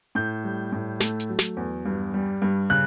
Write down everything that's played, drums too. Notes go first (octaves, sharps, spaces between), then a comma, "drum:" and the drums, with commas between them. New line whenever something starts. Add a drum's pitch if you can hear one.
A2 G6
G3
A2
A3, drum: snare
drum: hi-hat
F#3
drum: snare
E2
G2
G3
G2
C#3 F#6